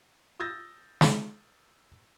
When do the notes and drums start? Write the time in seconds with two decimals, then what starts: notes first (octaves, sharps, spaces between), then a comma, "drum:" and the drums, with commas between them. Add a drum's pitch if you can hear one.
0.40 D#6 E6 G6 A6 A#6
1.01 drum: snare